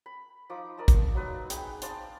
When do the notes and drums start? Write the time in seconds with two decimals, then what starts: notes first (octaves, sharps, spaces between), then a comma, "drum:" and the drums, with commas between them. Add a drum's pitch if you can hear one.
0.06 B5
0.50 F3 D#4 D6
0.78 A#4 D5 D#5 A5
0.88 drum: kick, hi-hat
1.15 F#3 D#4 B4 D5
1.50 B3 G#4 G5 B5, drum: hi-hat
1.82 C5 D5 F5 A5, drum: hi-hat